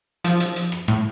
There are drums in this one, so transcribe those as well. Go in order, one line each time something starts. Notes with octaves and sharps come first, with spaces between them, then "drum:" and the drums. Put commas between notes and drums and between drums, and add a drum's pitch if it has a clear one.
F3, drum: hi-hat
drum: hi-hat
drum: hi-hat
drum: rim click
A2, drum: rim click